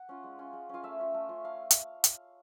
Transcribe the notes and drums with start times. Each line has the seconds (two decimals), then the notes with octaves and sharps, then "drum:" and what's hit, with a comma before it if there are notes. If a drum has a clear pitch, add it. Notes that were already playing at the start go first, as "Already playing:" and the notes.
Already playing: F#5
0.09 C#4 F4
0.24 G#3
0.39 C#4 F4
0.53 G#3
0.69 C#4 F4 F5
0.83 A3 E5
0.99 C#4 F4
1.14 A3
1.29 C#4 F4
1.44 A3 F5
1.71 drum: hi-hat
2.04 drum: hi-hat